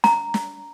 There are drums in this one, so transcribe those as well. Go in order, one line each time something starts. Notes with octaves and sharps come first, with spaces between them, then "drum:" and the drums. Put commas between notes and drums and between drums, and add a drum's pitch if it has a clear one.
A#5, drum: snare
drum: snare